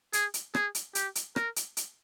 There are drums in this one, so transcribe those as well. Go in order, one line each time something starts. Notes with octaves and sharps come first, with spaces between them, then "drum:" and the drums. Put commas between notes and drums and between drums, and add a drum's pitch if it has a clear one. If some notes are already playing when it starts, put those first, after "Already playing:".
G#4, drum: hi-hat
drum: hi-hat
G#4, drum: rim click
drum: hi-hat
G4, drum: hi-hat
drum: hi-hat
A#4, drum: rim click
drum: hi-hat
drum: hi-hat